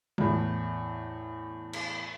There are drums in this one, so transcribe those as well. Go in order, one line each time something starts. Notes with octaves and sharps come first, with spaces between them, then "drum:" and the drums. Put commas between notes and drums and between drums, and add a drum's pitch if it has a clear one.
E2 A2, drum: tom
drum: cymbal